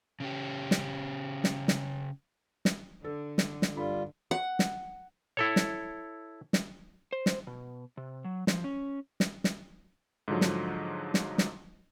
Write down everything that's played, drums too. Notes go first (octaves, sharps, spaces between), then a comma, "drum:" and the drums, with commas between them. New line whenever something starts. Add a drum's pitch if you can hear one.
C#3 C#4 G4
drum: snare
drum: snare
drum: snare
drum: snare
D3 A4
drum: snare
drum: snare
G2 G3 F4 A4 B5
F#5
drum: snare
E4 A4 C#5
drum: snare
drum: snare
C5
drum: snare
B2
C3
F#3
F3, drum: snare
C#4
drum: snare
drum: snare
G#2 D3 F3 F#3
drum: snare
drum: snare
drum: snare